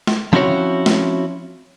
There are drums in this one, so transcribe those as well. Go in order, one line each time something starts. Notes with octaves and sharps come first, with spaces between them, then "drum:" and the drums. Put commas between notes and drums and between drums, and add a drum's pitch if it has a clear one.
drum: snare
F3 C4 C#4 E4 F#4 C#5
drum: snare